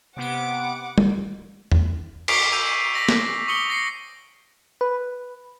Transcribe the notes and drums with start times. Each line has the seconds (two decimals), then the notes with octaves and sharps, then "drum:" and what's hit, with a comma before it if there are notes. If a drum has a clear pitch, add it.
0.17 C3 B3 F#5 D6 D7
0.98 drum: tom G3
1.72 drum: tom E2
2.28 C#6 D6 B6 C7 D7 F7, drum: cymbal
2.53 E6 G6 D#7 F7
2.94 E6 A#6 B6
3.09 drum: snare
3.48 C#6 D#6 C#7 F#7 G7
3.70 A#6 C7 C#7
4.81 B4